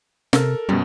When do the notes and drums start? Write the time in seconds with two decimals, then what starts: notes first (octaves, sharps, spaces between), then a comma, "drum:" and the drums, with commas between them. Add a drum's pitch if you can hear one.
0.33 C3 A4 A#4, drum: snare
0.69 F#2 B2 G3